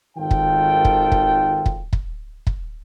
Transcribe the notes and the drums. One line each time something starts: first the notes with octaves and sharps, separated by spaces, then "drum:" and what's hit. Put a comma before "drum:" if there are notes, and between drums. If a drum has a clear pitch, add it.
G#1 D#3 F4 A4 G5
drum: kick
drum: kick
drum: kick
drum: kick
drum: kick
drum: kick